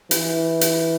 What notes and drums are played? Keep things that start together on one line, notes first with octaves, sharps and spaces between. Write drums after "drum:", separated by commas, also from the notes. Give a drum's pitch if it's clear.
E3, drum: hi-hat
drum: hi-hat